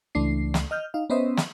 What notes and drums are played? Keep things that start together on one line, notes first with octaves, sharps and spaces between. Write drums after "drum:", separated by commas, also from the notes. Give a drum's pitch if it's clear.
C#2 E3 A3 D4 C7
drum: snare
D#5 F6 G6
D#4 F5
B3 C#4 B4 C5 D#5 E5
drum: snare